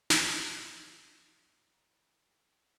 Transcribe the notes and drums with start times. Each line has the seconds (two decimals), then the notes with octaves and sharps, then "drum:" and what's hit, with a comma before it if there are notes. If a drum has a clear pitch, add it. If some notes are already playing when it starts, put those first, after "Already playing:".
0.10 drum: snare
0.67 G2 E3 F#3 G3 A#3
1.08 D3
1.50 C#3 E3 F#3 G3
1.90 D#3 G4 B4
2.27 A4